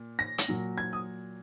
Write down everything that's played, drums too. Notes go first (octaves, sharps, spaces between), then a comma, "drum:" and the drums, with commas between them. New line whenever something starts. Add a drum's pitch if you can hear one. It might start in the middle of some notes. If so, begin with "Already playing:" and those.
Already playing: A#2
A#6
drum: hi-hat
A#2 F#3
G#6
D#6